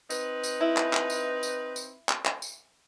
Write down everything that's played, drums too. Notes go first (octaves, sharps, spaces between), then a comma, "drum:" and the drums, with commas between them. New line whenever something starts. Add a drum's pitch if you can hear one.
C4 D#4 B4, drum: tambourine
drum: tambourine
E4
drum: clap
drum: clap
drum: tambourine
drum: tambourine
drum: tambourine
drum: clap
drum: clap
drum: tambourine